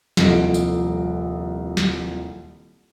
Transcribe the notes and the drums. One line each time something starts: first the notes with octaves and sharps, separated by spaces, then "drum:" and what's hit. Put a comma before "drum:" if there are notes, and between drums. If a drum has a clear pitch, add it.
D#1 C2 F3 A4 D#5 D7, drum: snare
drum: tambourine
drum: snare